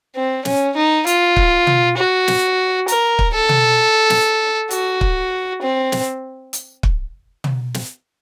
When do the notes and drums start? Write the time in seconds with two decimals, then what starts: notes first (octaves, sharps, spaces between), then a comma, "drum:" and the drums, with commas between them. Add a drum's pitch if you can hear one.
0.16 C4
0.45 C#4, drum: snare
0.76 D#4
1.07 F4, drum: hi-hat
1.36 drum: kick
1.67 drum: tom
1.97 F#4
2.28 drum: snare
2.88 A#4, drum: hi-hat
3.19 drum: kick
3.34 A4
3.49 drum: tom
4.10 drum: snare
4.71 F#4, drum: hi-hat
5.01 drum: kick
5.62 C4
5.92 drum: snare
6.53 drum: hi-hat
6.83 drum: kick
7.44 drum: tom
7.74 drum: snare